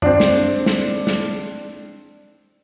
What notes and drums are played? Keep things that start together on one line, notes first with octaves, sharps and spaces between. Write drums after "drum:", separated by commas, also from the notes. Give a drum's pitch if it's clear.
C4 D4, drum: tom F#2
drum: snare
drum: snare
drum: snare